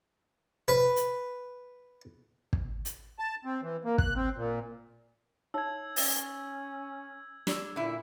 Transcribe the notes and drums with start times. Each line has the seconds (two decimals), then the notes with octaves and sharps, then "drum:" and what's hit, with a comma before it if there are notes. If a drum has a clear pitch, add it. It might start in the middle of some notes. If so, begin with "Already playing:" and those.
0.68 B4
0.96 drum: hi-hat
2.53 drum: kick
2.85 drum: hi-hat
3.19 A5
3.45 C4
3.63 E3
3.85 A#3
3.98 F#6, drum: kick
4.16 C4
4.37 A#2
5.54 D#4 C#5 E5 E6 G#6
5.96 C#4, drum: open hi-hat
7.47 D4 G4 D5 E6, drum: snare
7.76 A#2 D3 E4